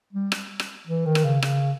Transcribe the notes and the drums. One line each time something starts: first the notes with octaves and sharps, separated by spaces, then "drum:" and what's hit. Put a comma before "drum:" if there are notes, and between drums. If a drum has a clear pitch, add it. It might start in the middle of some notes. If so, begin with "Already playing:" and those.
G3
drum: rim click
drum: rim click
E3
D#3
drum: rim click
C#3
C#3, drum: rim click